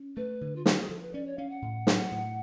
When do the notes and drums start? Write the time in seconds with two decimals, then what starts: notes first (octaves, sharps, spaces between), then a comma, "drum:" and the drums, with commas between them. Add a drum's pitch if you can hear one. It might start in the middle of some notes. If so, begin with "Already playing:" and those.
Already playing: C#4
0.16 A3 B4
0.41 D3
0.56 F4
0.66 F3 F#4, drum: snare
0.78 G#4
0.89 F3 A4
1.02 B4
1.14 C#4 D5
1.26 C#5
1.38 C#4 F5
1.50 F#5
1.62 A2
1.87 F#3, drum: snare
2.12 A2